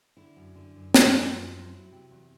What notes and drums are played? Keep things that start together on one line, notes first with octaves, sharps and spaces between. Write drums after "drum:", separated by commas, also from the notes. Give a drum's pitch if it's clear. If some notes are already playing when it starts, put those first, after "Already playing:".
D3 E4
F#2
D3
F#2
F#2, drum: snare
F3
F#2
F3
F#3 E4
C3
E2